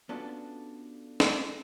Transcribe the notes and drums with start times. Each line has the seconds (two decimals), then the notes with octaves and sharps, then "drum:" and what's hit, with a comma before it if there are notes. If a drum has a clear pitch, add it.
0.09 B3 C#4 D4 F4 F#4 A4
1.20 drum: snare